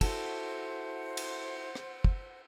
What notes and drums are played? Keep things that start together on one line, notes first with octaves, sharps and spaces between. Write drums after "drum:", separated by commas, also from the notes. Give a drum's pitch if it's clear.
E4 F#4 A4 C5 F#5, drum: kick, cymbal
drum: cymbal
drum: rim click
drum: kick